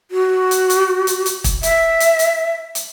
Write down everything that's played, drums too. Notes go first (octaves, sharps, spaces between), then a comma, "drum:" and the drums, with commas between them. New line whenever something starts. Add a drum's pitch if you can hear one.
F#4
drum: hi-hat
drum: hi-hat
drum: hi-hat
drum: hi-hat
drum: kick, hi-hat
E5, drum: hi-hat
drum: hi-hat
drum: hi-hat
drum: hi-hat